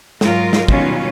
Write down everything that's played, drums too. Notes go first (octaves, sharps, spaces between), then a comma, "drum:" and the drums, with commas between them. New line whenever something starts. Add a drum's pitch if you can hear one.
G#2 F#3 G#3 F4 A#4, drum: snare
drum: snare
B2 D#3 F#3 G3 C#4 F4, drum: kick